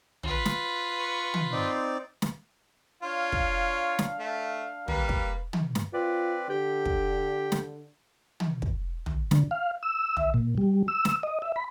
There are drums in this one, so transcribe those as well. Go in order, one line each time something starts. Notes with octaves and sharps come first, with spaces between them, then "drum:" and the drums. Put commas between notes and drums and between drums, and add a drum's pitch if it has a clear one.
F4 B4, drum: tom
drum: snare
C#6
drum: tom
C4 D#4 D5
drum: snare
D4 F4 C#5 F5
drum: kick
drum: snare
A3
G3 A#3 B4, drum: tom
drum: kick
drum: tom
drum: snare
C4 F4 B4 D5
D3 G4 G5
drum: kick
drum: snare
drum: tom
drum: kick
drum: tom
D3, drum: snare
F5
E6
E5, drum: tom
A#2
G3
E6
drum: snare
D#5
E5
B5